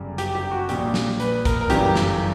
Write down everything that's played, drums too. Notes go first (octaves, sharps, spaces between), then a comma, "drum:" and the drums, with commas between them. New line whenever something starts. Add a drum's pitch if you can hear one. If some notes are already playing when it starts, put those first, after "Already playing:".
Already playing: G1 F#2 C#3 G3
G4, drum: hi-hat
G4
F#4
A#1 A#2 G3 G4, drum: hi-hat
drum: snare
B4, drum: hi-hat
A#4, drum: kick, hi-hat
A#4
G1 F#2 E3 G3 G4, drum: hi-hat
drum: snare